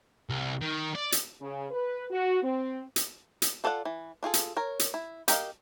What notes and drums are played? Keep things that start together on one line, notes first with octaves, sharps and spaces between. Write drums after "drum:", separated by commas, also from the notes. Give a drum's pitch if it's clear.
C2
D#3
D5
drum: hi-hat
C#3
B4
F#4
C4
drum: hi-hat
drum: hi-hat
F4 A4 D5 E5 F#5
E3
D4 F4 G#4 A4
drum: hi-hat
A#4 C#5
drum: hi-hat
E4
G4 A#4 D#5 F5, drum: hi-hat